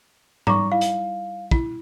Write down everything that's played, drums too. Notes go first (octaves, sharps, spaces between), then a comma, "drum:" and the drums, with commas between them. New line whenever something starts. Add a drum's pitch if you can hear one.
G3 D#4 A#5 C#6 D6, drum: tom G#2
E4 F5
drum: hi-hat
E4, drum: kick